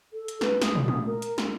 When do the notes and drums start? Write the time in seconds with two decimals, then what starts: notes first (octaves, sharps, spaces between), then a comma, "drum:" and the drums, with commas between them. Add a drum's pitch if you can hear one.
0.13 A4
0.28 drum: hi-hat
0.41 B4, drum: snare
0.62 D#6, drum: snare
0.75 drum: tom
0.88 D#6, drum: tom
1.06 A#4
1.22 drum: hi-hat
1.38 drum: snare